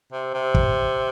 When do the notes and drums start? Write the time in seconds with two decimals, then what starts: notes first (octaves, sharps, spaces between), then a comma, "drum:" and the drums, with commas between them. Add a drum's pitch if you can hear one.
0.12 C3
0.34 C3
0.54 drum: kick